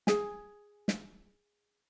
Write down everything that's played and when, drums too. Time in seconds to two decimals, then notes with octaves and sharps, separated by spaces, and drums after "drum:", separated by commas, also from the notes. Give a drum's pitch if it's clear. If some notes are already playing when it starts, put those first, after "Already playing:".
0.07 G#4 G#5, drum: snare
0.88 drum: snare